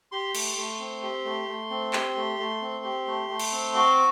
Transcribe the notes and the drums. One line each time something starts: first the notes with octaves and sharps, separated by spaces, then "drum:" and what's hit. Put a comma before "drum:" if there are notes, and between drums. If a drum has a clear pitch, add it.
G4 C6
A3, drum: cymbal
A3
C4
G4
A3
A3
C4
G4, drum: clap
A3
A3
C4
G4
A3
A3
drum: cymbal
C4
F#4 D6